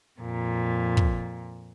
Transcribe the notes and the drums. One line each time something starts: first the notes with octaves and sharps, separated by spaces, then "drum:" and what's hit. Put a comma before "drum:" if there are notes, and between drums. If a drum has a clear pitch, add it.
F2 A#2
drum: kick